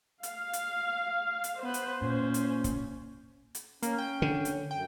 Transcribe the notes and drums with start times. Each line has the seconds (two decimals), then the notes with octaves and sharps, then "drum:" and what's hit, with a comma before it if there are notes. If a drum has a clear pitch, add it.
0.23 F5, drum: hi-hat
0.53 drum: hi-hat
1.44 drum: hi-hat
1.62 B3 B4 C5
1.74 drum: hi-hat
2.02 A#2 C#4
2.34 drum: hi-hat
2.64 drum: kick, hi-hat
3.55 drum: hi-hat
3.83 A#3 C#4, drum: hi-hat
3.98 G5
4.22 D3
4.45 drum: hi-hat
4.71 F#2 G5